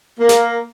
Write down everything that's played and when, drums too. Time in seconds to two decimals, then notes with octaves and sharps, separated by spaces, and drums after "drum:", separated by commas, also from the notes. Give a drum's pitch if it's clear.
0.20 A#3
0.29 drum: snare